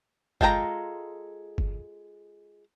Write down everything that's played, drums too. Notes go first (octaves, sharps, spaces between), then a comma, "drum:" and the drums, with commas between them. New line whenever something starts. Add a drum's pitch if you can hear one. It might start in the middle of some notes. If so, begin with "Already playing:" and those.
G#3 F4 A4 G5 A#5, drum: kick G1
drum: kick G1